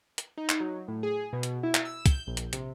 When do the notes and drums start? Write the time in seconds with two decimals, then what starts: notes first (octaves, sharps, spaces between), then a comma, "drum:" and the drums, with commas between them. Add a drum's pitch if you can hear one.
0.18 drum: hi-hat
0.37 D#4
0.49 drum: clap
0.60 F#3
0.88 A2
1.03 G#4
1.33 B2
1.43 drum: hi-hat
1.63 E4
1.75 drum: clap
1.85 E6
2.06 G6, drum: kick, hi-hat
2.27 A#1
2.37 drum: hi-hat
2.53 C3, drum: hi-hat